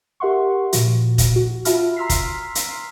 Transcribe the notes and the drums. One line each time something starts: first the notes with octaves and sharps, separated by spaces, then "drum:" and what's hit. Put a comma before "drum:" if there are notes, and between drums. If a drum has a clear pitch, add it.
G4 A#4 E5 F#5 C6 C#6
A#2 F3 F#4, drum: hi-hat
drum: kick, hi-hat
F#4
F4 F#4 E5 A5 B5 F6, drum: hi-hat
A#5 C6 E6 F6 B6 C7
drum: kick, hi-hat
drum: hi-hat